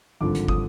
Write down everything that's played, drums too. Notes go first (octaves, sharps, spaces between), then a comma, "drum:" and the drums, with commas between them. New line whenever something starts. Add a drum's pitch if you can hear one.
G#1 G2 D3 F3 D6
drum: hi-hat
D#6, drum: kick